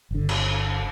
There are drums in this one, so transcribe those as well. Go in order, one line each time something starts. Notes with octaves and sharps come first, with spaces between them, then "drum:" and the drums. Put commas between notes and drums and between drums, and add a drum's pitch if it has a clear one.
G1 D3
drum: cymbal